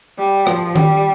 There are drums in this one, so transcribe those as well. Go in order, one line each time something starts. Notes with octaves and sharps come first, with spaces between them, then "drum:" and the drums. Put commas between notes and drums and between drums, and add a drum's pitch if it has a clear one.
G3
F3, drum: rim click
G3, drum: tom D#3